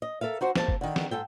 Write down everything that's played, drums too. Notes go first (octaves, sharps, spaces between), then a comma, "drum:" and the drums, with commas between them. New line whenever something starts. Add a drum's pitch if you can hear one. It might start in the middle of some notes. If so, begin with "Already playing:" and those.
D#5
A4 A#4 E5 F5
D#4 F#4 C5 F#5
A#3 C5 A5, drum: snare
drum: kick
D3 D#3
drum: snare
G#2 A4 G5